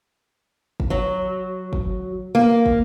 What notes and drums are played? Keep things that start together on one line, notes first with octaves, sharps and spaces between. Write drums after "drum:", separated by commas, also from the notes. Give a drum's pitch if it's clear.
drum: kick
F#3
drum: kick
A#3
drum: kick